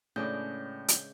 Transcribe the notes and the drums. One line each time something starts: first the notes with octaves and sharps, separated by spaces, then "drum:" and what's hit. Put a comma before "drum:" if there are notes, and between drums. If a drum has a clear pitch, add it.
A2 C#3 G#3 D4 B4 D5 G6
drum: hi-hat